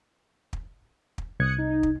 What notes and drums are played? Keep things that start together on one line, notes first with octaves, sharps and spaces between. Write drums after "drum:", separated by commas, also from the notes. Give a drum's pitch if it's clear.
drum: kick
drum: kick
C2 D#6 F#6 G#6 C#7
D#4
drum: kick